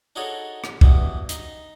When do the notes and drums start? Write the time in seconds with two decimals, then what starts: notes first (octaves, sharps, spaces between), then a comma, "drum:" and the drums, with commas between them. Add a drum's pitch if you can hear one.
0.16 D4 D#4 F#4 G#4 A4 C#5
0.64 drum: rim click
0.81 G2 B2 E3, drum: kick
1.29 D#4, drum: hi-hat